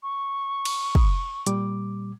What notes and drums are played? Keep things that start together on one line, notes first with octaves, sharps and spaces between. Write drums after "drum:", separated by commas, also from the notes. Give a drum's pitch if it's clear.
C#6
drum: cymbal
drum: kick
A#2 G3 D6, drum: hi-hat